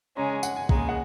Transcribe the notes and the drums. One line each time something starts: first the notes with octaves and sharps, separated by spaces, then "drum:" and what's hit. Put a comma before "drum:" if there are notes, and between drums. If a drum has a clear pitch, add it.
C#3 G#3 C#4 A#5
G#5
F#5, drum: tambourine
G#5
D#2 C#3 G#3 A#5, drum: kick
F#5